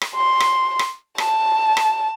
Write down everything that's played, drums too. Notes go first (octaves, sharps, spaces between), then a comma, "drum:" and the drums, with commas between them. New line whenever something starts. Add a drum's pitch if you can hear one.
drum: rim click
C6
drum: rim click
drum: rim click
A5, drum: rim click
drum: rim click